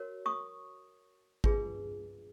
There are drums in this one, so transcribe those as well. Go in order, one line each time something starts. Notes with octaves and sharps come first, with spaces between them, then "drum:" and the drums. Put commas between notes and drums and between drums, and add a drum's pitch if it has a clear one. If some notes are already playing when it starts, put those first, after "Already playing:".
Already playing: F#4 A#4 C#5
C#6 D#6
D4 F4 G#4 B4, drum: kick G#1